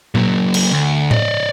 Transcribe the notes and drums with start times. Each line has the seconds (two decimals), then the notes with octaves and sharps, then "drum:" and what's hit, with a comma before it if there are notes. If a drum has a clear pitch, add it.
0.15 F#3 A#3, drum: tom A#2
0.54 drum: cymbal
0.71 D2
1.11 D5 D#5, drum: tom A2